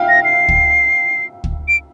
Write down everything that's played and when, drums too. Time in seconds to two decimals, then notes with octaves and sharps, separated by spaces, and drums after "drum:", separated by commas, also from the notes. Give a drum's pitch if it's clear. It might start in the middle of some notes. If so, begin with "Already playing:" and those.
Already playing: E5 F5 G5
0.09 A#6
0.25 C7
0.49 drum: kick
1.44 drum: kick
1.68 D7